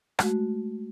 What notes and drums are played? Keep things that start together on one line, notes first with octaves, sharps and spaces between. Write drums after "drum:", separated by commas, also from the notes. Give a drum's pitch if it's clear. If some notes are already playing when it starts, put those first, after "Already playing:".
G#3 A3 F#4, drum: rim click